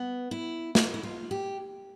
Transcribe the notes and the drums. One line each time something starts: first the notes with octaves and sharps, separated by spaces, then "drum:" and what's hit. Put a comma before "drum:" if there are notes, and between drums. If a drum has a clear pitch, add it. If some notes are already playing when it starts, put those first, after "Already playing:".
Already playing: B3
E4
F4, drum: snare
E4
F4
G4